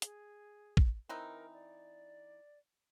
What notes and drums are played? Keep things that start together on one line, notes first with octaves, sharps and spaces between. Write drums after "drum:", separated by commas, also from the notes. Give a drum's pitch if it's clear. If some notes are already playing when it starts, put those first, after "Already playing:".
G#4, drum: hi-hat
drum: kick
E3 C4 D#4 A#4
D5